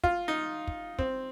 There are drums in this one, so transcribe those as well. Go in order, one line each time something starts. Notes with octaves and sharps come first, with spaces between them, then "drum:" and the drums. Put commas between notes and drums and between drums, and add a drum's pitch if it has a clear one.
F4, drum: kick
D#4
drum: kick
C4, drum: kick